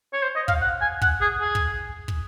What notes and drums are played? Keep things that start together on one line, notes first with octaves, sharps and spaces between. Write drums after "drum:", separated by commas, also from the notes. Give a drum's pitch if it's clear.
C#5
C5
D#5
F5, drum: kick
F#5
G#5
F#5, drum: kick
G#4
G#4
drum: kick
drum: kick